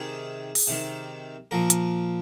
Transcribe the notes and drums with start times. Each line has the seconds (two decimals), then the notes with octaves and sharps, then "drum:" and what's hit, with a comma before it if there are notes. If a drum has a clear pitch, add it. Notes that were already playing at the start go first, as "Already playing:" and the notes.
Already playing: C3 D#3 G#4
0.55 drum: open hi-hat
0.68 C3 D#3
1.51 A#2 F3 A#4
1.70 drum: hi-hat